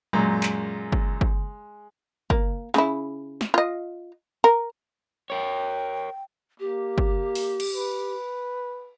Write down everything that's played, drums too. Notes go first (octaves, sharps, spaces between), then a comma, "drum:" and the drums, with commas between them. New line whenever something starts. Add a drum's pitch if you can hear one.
F#2 A#2 G#3
drum: clap
drum: kick G1
drum: kick G1
A#3, drum: kick G1
C#3 E4, drum: snare
drum: snare
F4 D#5
A#4
A#4 C#5 G5
A#3 G4
drum: kick G1
drum: open hi-hat
drum: cymbal
B4